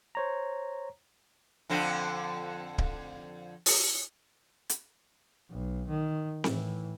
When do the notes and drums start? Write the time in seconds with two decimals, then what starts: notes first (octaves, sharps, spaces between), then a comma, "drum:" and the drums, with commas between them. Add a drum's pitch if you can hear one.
0.15 C5 C#5 A#5
1.69 F2 D3 C4
2.78 drum: kick D1
3.66 drum: open hi-hat
4.69 drum: hi-hat
5.50 B1
5.88 D#3
6.44 A2 E3, drum: snare C4